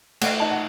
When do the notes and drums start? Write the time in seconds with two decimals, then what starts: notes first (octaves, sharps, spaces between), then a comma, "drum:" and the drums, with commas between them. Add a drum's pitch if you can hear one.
0.21 A3 F#5, drum: cymbal
0.40 D#4 A5
0.51 F#5